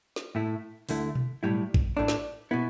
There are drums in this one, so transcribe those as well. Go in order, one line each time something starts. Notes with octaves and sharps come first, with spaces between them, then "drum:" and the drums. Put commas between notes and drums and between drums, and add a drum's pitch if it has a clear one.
drum: snare
A2 A3 E4
D2 D3 A3 E4, drum: open hi-hat
drum: tom B2
B1 A2 G3 E4
drum: kick A1
A2 A3 D4
drum: snare
B2 B3 E4